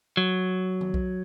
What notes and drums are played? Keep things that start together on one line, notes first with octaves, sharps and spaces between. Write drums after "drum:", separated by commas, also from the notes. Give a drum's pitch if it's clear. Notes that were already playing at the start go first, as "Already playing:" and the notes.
F#3
drum: tom D#3
drum: kick B1